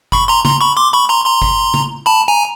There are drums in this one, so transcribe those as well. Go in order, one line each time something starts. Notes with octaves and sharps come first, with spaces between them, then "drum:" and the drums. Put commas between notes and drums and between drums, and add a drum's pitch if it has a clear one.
B5 C#6, drum: kick G1
A#5 C6
A#5 C6, drum: tom
B5 C#6
C6 D6
B5 C#6
A#5 C6
A#5 C6
drum: kick G1
drum: tom
A5 B5
G#5 A#5